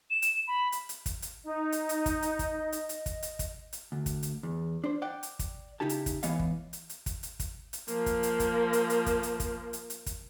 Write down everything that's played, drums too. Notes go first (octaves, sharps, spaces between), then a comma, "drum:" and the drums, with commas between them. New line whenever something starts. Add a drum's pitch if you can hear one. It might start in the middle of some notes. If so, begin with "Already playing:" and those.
E7
drum: hi-hat
B5
drum: hi-hat
drum: hi-hat
drum: kick, hi-hat
drum: hi-hat
D#4 D#5
drum: hi-hat
drum: hi-hat
drum: kick, hi-hat
drum: hi-hat
drum: kick, hi-hat
drum: hi-hat
drum: hi-hat
drum: kick, hi-hat
drum: hi-hat
drum: kick, hi-hat
drum: hi-hat
D2
drum: kick, hi-hat
drum: hi-hat
E2
D4 C5
D5 F#5 G5
drum: hi-hat
drum: kick, hi-hat
C#3 F3 D#4 E4 G4 A5
drum: hi-hat
drum: kick, hi-hat
G#2 E3 B3 C#5 D#5 F5, drum: hi-hat
drum: kick
drum: hi-hat
drum: hi-hat
drum: kick, hi-hat
drum: hi-hat
drum: kick, hi-hat
drum: hi-hat
F3 A#3, drum: hi-hat
drum: kick, hi-hat
drum: hi-hat
drum: kick, hi-hat
drum: hi-hat
drum: hi-hat
drum: kick, hi-hat
drum: hi-hat
drum: kick, hi-hat
drum: hi-hat
drum: hi-hat
drum: kick, hi-hat